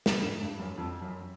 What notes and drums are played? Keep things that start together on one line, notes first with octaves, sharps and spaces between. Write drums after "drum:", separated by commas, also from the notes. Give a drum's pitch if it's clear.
A2, drum: snare
G#2
G2
F#2
F2
F#2